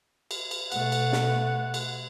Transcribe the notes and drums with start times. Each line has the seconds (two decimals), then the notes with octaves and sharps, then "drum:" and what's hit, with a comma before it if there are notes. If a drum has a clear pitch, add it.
0.31 drum: cymbal
0.51 drum: cymbal
0.72 B2 A3 F#5, drum: cymbal
0.92 drum: cymbal
1.13 drum: snare
1.74 drum: cymbal